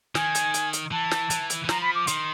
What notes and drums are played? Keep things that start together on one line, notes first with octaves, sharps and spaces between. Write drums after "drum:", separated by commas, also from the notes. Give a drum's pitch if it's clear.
D#3 G#5, drum: snare
drum: hi-hat
drum: hi-hat
drum: hi-hat
E3 A5
drum: snare
E3, drum: hi-hat
drum: hi-hat
E3
F3 A#5, drum: snare
B5
D6
D#3 C6, drum: hi-hat